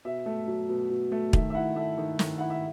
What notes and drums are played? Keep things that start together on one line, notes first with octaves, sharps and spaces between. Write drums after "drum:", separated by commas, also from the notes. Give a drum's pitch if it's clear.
B2 E5
A3
F#3
B2
B2
A3
D#3 E5, drum: kick
E5
E4 F#5
A3 E5
D#3
D#3, drum: snare
E4 F#5
E5